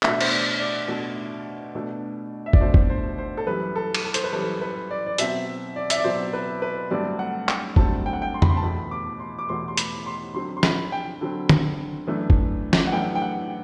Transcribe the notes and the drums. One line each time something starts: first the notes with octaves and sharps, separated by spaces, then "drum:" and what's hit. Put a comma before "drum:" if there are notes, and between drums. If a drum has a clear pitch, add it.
B2 A3 D4 E5, drum: clap
C5, drum: cymbal
D5
D5
B2 A3 D4
B2 A3 D4
E5
D5, drum: kick
B2 A3 D4 C5
drum: kick
C5
C5
A4
F#2 E3 G3 B4
A4
drum: cymbal
A4
C5, drum: hi-hat
B4
F#2 E3 G3 A4
B4
D5
D5
B2 F#3 C4 E5, drum: hi-hat
D5
E5, drum: hi-hat
D5
B2 F#3 C4 C5
B4
B4
G2 D3 F#3 A3 C4 D5
F#5
G5, drum: clap
G2 D3 F#3 A3 C4 A5, drum: kick
G5
F#5
G5
C6
B5, drum: tom F2
C6
A5
E2 B2 A3 B5
D6
C6
D6
E2 B2 A3 C6
C6
B5, drum: hi-hat
C6
D3 F#3 C4 C6
C6
B5, drum: snare
G5
D3 F#3 C4
drum: tom
F#2 E3 A3 D4
drum: kick
drum: snare
F#5
F#2 E3 A3 D4 G5
G5
F#5